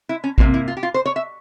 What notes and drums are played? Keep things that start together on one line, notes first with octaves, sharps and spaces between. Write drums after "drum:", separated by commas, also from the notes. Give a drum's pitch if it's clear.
E4
C#4
C3 E3 A#3 C4, drum: kick A1
E4
F4
G4
F4
C5
C#5
E5